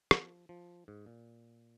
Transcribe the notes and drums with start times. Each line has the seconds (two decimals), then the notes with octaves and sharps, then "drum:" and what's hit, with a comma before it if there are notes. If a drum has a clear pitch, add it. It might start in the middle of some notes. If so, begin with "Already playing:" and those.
0.11 F3, drum: rim click
0.49 F3
0.88 G#2
1.06 A#2